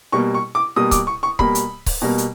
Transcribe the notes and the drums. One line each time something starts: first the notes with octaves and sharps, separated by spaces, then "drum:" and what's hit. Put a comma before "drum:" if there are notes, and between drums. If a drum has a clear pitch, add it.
B2 G3 A#3 C#6
C#6
D6
B2 G3 A#3 D#6
D6, drum: kick C#1, hi-hat
C#6
C#6
B2 G3 A#3 B5, drum: kick C#1
drum: hi-hat
drum: kick C#1, open hi-hat
B2 G3 A#3
drum: hi-hat